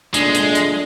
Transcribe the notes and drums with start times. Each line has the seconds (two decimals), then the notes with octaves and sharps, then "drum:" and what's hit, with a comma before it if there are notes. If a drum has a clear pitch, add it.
0.14 A#2 G#3 A3 D4, drum: hi-hat
0.35 drum: hi-hat
0.55 drum: hi-hat